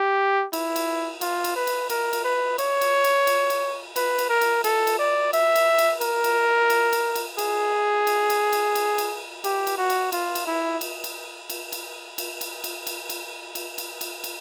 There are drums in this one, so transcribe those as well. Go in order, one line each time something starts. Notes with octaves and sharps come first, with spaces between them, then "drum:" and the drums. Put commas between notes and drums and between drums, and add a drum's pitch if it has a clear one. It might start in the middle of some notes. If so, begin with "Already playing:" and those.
Already playing: G4
E4, drum: cymbal
drum: cymbal
F4, drum: cymbal
drum: cymbal
B4
drum: cymbal
A#4, drum: cymbal
drum: cymbal
B4
C#5, drum: cymbal
drum: cymbal
drum: cymbal
drum: cymbal
drum: cymbal
B4, drum: cymbal
drum: cymbal
A#4
drum: cymbal
A4, drum: cymbal
drum: cymbal
D5
E5, drum: cymbal
drum: cymbal
drum: cymbal
A#4, drum: cymbal
drum: cymbal
drum: cymbal
drum: cymbal
drum: cymbal
G#4, drum: cymbal
drum: cymbal
drum: cymbal
drum: cymbal
drum: cymbal
drum: cymbal
G4, drum: cymbal
drum: cymbal
F#4
drum: cymbal
F4, drum: cymbal
drum: cymbal
E4
drum: cymbal
drum: cymbal
drum: cymbal
drum: cymbal
drum: cymbal
drum: cymbal
drum: cymbal
drum: cymbal
drum: cymbal
drum: cymbal
drum: cymbal
drum: cymbal
drum: cymbal